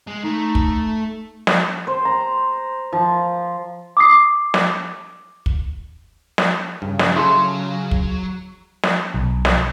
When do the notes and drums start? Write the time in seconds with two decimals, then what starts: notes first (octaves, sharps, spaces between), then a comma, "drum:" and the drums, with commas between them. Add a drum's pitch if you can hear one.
0.07 G#3
0.24 A3 D#4
0.55 drum: kick
1.47 drum: snare
1.87 C5
2.05 A#5
2.92 F3
3.97 D6 D#6 C7
4.54 drum: snare
5.46 drum: kick
6.38 drum: snare
6.82 G2 C#3
6.99 drum: snare
7.16 F#3 E4 G#4 A4 C6
7.91 drum: kick
8.83 drum: snare
9.14 B1
9.45 drum: snare